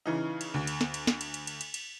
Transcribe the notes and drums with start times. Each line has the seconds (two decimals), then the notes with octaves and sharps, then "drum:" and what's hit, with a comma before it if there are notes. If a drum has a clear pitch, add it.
0.06 C#3 E3 D#4
0.41 drum: cymbal
0.54 D2
0.67 drum: cymbal
0.81 drum: snare
0.94 drum: cymbal
1.07 drum: snare
1.21 drum: cymbal
1.34 drum: cymbal
1.47 drum: cymbal
1.61 drum: cymbal
1.74 drum: cymbal